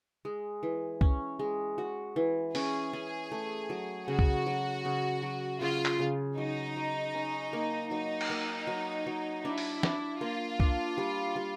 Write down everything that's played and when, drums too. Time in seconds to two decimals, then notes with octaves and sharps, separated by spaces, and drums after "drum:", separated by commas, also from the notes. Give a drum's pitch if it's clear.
0.25 G#3
0.63 E3
1.01 C#4, drum: kick
1.39 G#3
1.78 F#4
2.16 E3
2.55 C#4 G#4, drum: open hi-hat
2.93 C#4
3.32 A3
3.70 F#3
4.08 C#3 F#4
4.19 drum: kick
4.46 F#3
4.85 C#3
5.23 F#3
5.61 C#3 F4
5.85 drum: clap
6.00 C#3
6.38 F#3 D#4
6.76 F#3
7.15 C#4
7.53 A#3
7.91 F#3 D#4
8.21 drum: cymbal
8.30 A#3
8.67 F#3
9.07 F#3
9.44 D4 E4
9.58 drum: open hi-hat
9.83 D4, drum: snare
10.21 A#3 F4
10.60 D4, drum: kick
10.98 G3
11.36 G3